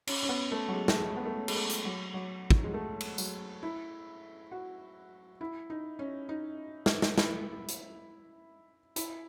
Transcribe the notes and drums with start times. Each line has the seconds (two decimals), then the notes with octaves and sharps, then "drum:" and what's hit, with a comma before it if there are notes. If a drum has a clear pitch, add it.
0.07 C#4, drum: cymbal
0.23 C#4
0.29 B3
0.51 A3
0.68 F#3
0.73 G#3
0.88 A3, drum: snare
0.96 G#3
1.17 B3
1.26 A3
1.48 G#3, drum: cymbal
1.55 A3
1.69 drum: hi-hat
1.85 F#3
2.14 F#3
2.51 drum: kick
2.64 G#3
2.74 A3
3.00 drum: cymbal
3.18 F#3, drum: tambourine
3.63 E4
4.51 F#4
5.41 E4
5.70 D#4
5.99 C#4
6.29 D#4
6.86 drum: snare
7.02 drum: snare
7.18 E4, drum: snare
7.68 drum: hi-hat
8.96 E4, drum: hi-hat